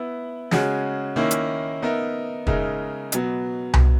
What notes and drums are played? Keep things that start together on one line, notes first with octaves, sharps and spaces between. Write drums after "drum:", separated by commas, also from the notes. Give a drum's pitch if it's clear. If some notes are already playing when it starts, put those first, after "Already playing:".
Already playing: B3 E4 B4
C#3 G#3 C#4 F#4, drum: snare
D#3 A#3 C#4 E4
drum: hi-hat
B3 D#4 A#4 E5
C#3 G#3 D#4 A#4 E5, drum: kick
B2 F#3 B3, drum: hi-hat
drum: tom C2